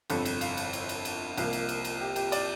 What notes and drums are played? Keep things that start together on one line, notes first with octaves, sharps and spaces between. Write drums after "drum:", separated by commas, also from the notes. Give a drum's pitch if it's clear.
G1 F2 C3 A4, drum: cymbal
drum: cymbal
F5, drum: cymbal
drum: cymbal
drum: cymbal
drum: cymbal
drum: cymbal
C2 C3 F3 A#3, drum: cymbal
drum: cymbal
drum: cymbal
drum: cymbal
G4
G4, drum: cymbal
D5, drum: cymbal